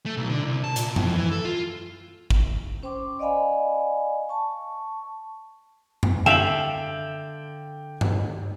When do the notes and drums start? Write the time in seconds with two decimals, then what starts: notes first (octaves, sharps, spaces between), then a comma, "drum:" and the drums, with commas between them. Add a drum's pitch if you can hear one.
0.06 A3
0.17 B1
0.30 D3
0.43 C2
0.64 A5
0.76 A#2, drum: hi-hat
0.96 F2, drum: tom F#2
1.14 E3
1.32 A4
1.45 F4
2.30 drum: kick
2.83 C#4 C5 G5 C6 D6
3.19 D5 D#5 F5 G#5 B5
4.29 A5 C#6
6.03 drum: tom F#2
6.26 D3 E5 F5 G5 D7 E7 F#7
8.01 drum: tom G2